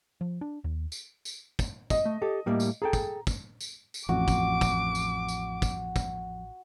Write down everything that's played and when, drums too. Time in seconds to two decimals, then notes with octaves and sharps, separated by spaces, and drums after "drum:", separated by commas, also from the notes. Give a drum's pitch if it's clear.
0.21 F3
0.41 D4
0.64 D#2
0.92 drum: tambourine
1.25 drum: tambourine
1.59 drum: kick, tambourine
1.90 D#5, drum: kick, tambourine
2.05 A3
2.22 G4 A4
2.46 A2 G3 A#3
2.60 drum: tambourine
2.82 G#4 A4 G5 A#5
2.93 drum: kick, tambourine
3.27 drum: kick, tambourine
3.61 drum: tambourine
3.94 drum: tambourine
4.09 A1 F2 F#4 D6
4.28 drum: kick, tambourine
4.61 drum: kick, tambourine
4.95 drum: tambourine
5.29 drum: tambourine
5.62 drum: kick, tambourine
5.96 drum: kick, tambourine